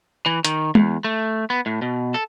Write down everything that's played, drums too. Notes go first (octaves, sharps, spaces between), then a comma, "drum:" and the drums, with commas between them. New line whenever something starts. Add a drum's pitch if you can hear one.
E3
D#3, drum: hi-hat
E2, drum: tom
A3
B3
A2
B2
A4